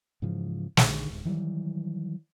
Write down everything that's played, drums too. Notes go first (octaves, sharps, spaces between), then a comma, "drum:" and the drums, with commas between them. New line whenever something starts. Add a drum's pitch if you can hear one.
G#2 C#3 E3 F3
A#1 D3 D#3, drum: snare
D1
D#3 E3 F#3 G3